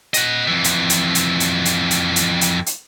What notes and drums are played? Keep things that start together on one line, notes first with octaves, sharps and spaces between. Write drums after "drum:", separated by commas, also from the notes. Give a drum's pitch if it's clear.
D#5 F#5, drum: hi-hat
F2 E3
drum: hi-hat
drum: hi-hat
drum: hi-hat
drum: hi-hat
drum: hi-hat
drum: hi-hat
drum: hi-hat
drum: hi-hat
drum: hi-hat